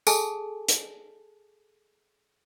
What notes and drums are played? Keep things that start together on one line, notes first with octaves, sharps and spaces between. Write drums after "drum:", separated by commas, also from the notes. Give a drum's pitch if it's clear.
G#4 A4 G#5 A5, drum: tambourine
drum: hi-hat